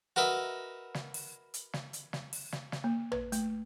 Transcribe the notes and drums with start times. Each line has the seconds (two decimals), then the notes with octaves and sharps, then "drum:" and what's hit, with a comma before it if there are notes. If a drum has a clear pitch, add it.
0.16 F#4 A#4 B4 D#5 E5
0.94 drum: snare
1.14 drum: open hi-hat
1.54 drum: hi-hat
1.73 drum: snare
1.93 drum: hi-hat
2.13 drum: snare
2.33 drum: open hi-hat
2.52 drum: snare
2.72 drum: snare
2.84 A#3
3.12 B4, drum: tom
3.32 A3, drum: hi-hat